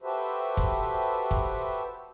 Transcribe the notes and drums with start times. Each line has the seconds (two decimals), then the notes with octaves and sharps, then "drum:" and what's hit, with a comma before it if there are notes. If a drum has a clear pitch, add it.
0.02 F#4 G4 A4 B4 C5 E5
0.57 drum: kick
1.31 drum: kick